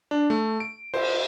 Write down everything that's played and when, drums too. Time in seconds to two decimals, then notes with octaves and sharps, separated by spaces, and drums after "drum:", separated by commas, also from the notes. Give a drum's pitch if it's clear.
0.11 D4
0.30 A3
0.60 D7
0.94 C5, drum: cymbal